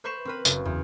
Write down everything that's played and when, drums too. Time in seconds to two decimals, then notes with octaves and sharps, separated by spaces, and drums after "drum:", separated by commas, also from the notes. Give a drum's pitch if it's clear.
0.04 B4 C5 B5 C#6 C7 E7
0.25 C4 A#4 B4
0.45 F#1, drum: tambourine
0.65 E2